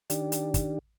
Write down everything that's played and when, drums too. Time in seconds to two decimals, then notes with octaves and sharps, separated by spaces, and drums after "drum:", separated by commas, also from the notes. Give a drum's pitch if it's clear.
0.10 D#3 D4 G4, drum: hi-hat
0.32 drum: hi-hat
0.54 drum: kick, hi-hat